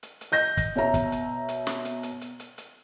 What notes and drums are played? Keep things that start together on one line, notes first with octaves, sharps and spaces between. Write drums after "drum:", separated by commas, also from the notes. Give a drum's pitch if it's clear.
drum: hi-hat
drum: hi-hat
D#5 G6 A#6
drum: kick, hi-hat
B2 C#5 E5 A#5
drum: kick, hi-hat
drum: hi-hat
drum: hi-hat
drum: snare
drum: hi-hat
drum: hi-hat
drum: hi-hat
drum: hi-hat
drum: hi-hat